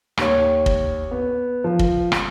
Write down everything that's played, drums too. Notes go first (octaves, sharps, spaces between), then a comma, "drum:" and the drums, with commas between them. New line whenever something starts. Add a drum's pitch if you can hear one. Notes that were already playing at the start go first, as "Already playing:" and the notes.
D#2 C#5, drum: rim click
drum: kick
B3
F3
drum: kick
drum: rim click